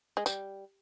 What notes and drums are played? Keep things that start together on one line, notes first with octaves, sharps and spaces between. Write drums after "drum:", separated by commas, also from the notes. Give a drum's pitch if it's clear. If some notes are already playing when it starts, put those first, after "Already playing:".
G#3
G3, drum: tambourine